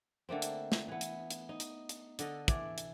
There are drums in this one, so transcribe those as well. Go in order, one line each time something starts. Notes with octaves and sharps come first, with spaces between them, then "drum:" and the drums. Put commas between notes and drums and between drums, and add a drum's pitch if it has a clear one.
D3 A3 A#3 C4
drum: hi-hat
drum: snare
E3 B3
drum: hi-hat
drum: hi-hat
D#4
drum: hi-hat
drum: hi-hat
D3 A4 D#5, drum: hi-hat
E3 D4 D5, drum: kick, hi-hat
drum: hi-hat